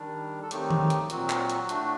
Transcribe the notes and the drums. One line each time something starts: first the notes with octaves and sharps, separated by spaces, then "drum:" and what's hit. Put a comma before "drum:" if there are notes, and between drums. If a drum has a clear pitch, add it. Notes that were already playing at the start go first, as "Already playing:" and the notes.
Already playing: D#3 G3 D4
A4
D#3 F#3 A3 C4 D#4 G4, drum: hi-hat
drum: tom D#3
drum: hi-hat
A#2 F#3 C4 F#4, drum: hi-hat
drum: clap
drum: hi-hat
A2 A3 D4, drum: hi-hat